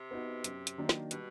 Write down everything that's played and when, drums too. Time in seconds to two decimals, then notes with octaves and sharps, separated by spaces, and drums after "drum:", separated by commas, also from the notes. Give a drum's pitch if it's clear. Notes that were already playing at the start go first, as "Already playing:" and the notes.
Already playing: C3
0.11 B3 D#4 F#4
0.44 F#2, drum: hi-hat
0.67 drum: hi-hat
0.78 D#3 F#3 A#3 D4
0.89 drum: snare
1.11 B2 G3, drum: hi-hat